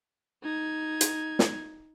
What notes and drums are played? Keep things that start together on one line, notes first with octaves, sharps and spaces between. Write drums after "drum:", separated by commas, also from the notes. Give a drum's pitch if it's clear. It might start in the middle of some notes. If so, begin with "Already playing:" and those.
D#4 G#6
drum: hi-hat
drum: snare